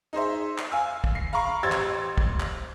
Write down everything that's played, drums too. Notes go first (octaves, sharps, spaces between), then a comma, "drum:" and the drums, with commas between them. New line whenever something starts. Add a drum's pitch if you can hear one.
D#4 G#4 C5 E5
drum: clap
F5 G#5 E6
drum: kick
C7
F5 A#5 B5 C#6 D6
A1 G4 C5 E6 G#6 A6
drum: clap
drum: kick
drum: clap